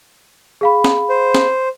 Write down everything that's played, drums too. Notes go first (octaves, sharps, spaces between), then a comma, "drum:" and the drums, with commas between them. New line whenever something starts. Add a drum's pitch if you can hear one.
G#4 F5 B5
drum: snare
C5
drum: snare